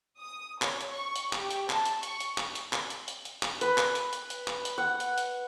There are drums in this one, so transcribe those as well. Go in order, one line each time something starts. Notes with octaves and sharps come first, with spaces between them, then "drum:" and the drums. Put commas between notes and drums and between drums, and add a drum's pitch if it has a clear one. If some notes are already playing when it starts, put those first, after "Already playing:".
D#6
C#5, drum: clap
drum: hi-hat
C#6
drum: hi-hat
G4, drum: clap
drum: hi-hat
A5, drum: clap
drum: hi-hat
C#6, drum: hi-hat
drum: hi-hat
drum: clap
drum: hi-hat
drum: clap
drum: hi-hat
drum: hi-hat
drum: hi-hat
drum: clap
B4, drum: hi-hat
drum: clap
drum: hi-hat
drum: hi-hat
drum: hi-hat
drum: clap
drum: hi-hat
F#5
drum: hi-hat
drum: hi-hat